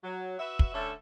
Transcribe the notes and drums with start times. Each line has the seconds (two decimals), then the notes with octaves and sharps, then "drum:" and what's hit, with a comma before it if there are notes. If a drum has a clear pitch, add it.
0.03 F#3
0.39 F#4 B4 E5
0.59 drum: kick
0.74 D3 A3 C#4 A4 E5